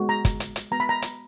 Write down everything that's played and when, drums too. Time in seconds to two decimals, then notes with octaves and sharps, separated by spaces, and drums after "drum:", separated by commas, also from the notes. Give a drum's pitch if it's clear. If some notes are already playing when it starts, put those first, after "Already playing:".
Already playing: G#3 B3 F#4
0.09 A#5
0.25 drum: kick, hi-hat
0.40 drum: hi-hat
0.56 drum: hi-hat
0.71 G#3 B3 F#4 A#5
0.80 B5
0.89 A#5
1.02 drum: hi-hat